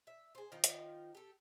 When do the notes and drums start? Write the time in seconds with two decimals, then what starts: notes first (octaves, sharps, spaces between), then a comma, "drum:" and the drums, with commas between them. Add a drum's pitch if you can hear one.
0.07 E5
0.35 G#4 C5
0.52 D#3 F3 D#4 F4
0.64 drum: hi-hat
1.15 G4 A4